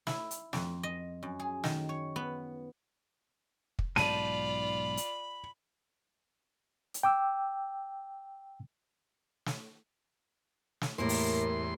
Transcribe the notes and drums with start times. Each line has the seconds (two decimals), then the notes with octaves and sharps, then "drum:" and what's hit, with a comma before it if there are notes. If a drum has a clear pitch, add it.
0.07 E4, drum: snare
0.31 drum: hi-hat
0.53 F2, drum: snare
0.83 D#5
1.23 F#2
1.40 G#4
1.64 D#3, drum: snare
1.89 C#5
2.16 B3
3.79 drum: kick
3.96 B1 G#2 F4 D5 A5 B5 D#7, drum: snare
4.97 drum: hi-hat
6.94 drum: hi-hat
7.03 G5 D6 E6
9.46 drum: snare
10.81 drum: snare
10.98 E2 A2 G3 A#3 A#4 C6
11.09 drum: open hi-hat